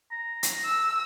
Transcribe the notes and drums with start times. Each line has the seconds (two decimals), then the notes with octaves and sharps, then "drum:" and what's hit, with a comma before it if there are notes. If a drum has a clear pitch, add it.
0.12 A#5
0.43 drum: hi-hat
0.65 E6